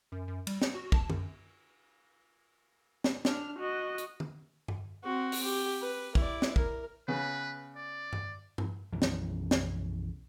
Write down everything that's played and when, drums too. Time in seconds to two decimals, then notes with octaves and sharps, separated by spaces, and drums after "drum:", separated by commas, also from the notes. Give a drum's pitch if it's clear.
0.12 F#2
0.28 F#2
0.47 G3, drum: cymbal
0.62 C#7, drum: snare
0.74 F#4
0.92 A5, drum: kick
1.10 F#2, drum: tom
3.04 drum: snare
3.25 D4 F6, drum: snare
3.59 F#4 D#5
3.98 drum: hi-hat
4.20 drum: tom
4.68 drum: tom G2
5.04 C4 F#4
5.32 drum: open hi-hat
5.43 G4
5.81 B4
6.15 E4 D5, drum: kick
6.42 drum: snare
6.56 A#4, drum: kick
7.08 C#3 B3 B4
7.76 D5
8.13 drum: tom G2
8.58 drum: tom G2
8.92 B1 F#2 E3 F3
9.02 drum: snare
9.51 drum: snare